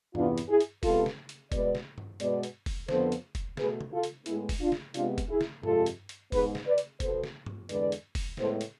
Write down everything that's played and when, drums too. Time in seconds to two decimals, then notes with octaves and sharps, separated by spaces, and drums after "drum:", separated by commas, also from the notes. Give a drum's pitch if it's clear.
0.15 E2 C3 E3 B3 D4 F4, drum: tom G2
0.38 drum: hi-hat
0.49 E4 G#4
0.60 drum: hi-hat
0.83 C3 G#3 B3 F4 A4, drum: kick, open hi-hat
1.06 drum: snare
1.29 drum: hi-hat
1.52 B2 G#3 B3 B4 D5, drum: kick, hi-hat
1.75 drum: snare
1.98 drum: tom G2
2.20 B2 G#3 B3 B4 D5, drum: hi-hat
2.43 drum: hi-hat
2.66 drum: kick, open hi-hat
2.89 F2 D3 F3 B3 A4 C5, drum: snare
3.12 drum: hi-hat
3.35 drum: kick, hi-hat
3.57 B2 A3 G#4 B4, drum: snare
3.81 drum: tom
3.92 F4 A4
4.03 drum: hi-hat
4.26 A2 G#3 B3 E4 G#4, drum: hi-hat
4.49 drum: kick, open hi-hat
4.60 D4 F4
4.72 drum: snare
4.94 C3 G#3 B3 D4 F4, drum: hi-hat
5.18 drum: kick, hi-hat
5.29 E4 G#4
5.41 drum: snare
5.63 F2 C3 G#3 F4 A4, drum: tom G2
5.86 drum: hi-hat
6.09 drum: hi-hat
6.32 G#2 G#3 B3 G#4 B4, drum: kick, open hi-hat
6.55 drum: snare
6.66 B4 D5
6.78 drum: hi-hat
7.00 B2 B3 A4 C5, drum: kick, hi-hat
7.24 drum: snare
7.46 drum: tom G2
7.69 E2 D3 G#3 B4 D5, drum: hi-hat
7.92 drum: hi-hat
8.15 drum: kick, open hi-hat
8.37 A2 G#3 B3 A4 C5, drum: snare
8.61 drum: hi-hat